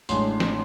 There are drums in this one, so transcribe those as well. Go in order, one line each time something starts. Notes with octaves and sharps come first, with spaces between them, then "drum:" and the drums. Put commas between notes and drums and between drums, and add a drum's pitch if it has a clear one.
A1 A2 G#3 D4 C6, drum: tambourine
drum: snare